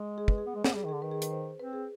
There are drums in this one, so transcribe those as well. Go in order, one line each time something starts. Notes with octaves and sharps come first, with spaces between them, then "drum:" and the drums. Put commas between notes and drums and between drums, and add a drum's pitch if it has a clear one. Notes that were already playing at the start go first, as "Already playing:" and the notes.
Already playing: G#3
G#4
B4, drum: kick
G#4
B3
G#3
B3, drum: snare
G3 G#4
D#3
D3 G#4
D#3 B4
G#4
B4, drum: hi-hat
C5
C4 B4
G#4